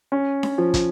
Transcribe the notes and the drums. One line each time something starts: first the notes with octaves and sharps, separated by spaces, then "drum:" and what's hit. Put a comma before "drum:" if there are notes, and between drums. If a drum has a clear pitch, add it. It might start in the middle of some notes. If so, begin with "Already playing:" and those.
C#4
drum: snare D4
F3
drum: kick, hi-hat